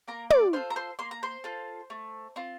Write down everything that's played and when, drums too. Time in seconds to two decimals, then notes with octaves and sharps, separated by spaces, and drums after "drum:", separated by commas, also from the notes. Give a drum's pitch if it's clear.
0.08 A#3 A#4 A#5
0.30 D5 D6, drum: tom
0.53 F4 A4 C5 C6
0.70 A#5
0.76 C5 C6
0.99 A#3 C6
1.11 A#5
1.23 C5 C6
1.44 F4 A4
1.90 A3
2.36 C4 F4